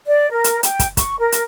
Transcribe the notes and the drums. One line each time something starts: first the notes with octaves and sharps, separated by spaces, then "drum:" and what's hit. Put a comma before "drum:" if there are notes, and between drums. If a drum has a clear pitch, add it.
D5
A#4
drum: hi-hat
G5, drum: hi-hat
drum: kick, hi-hat
C#6, drum: kick, hi-hat
A#4
drum: hi-hat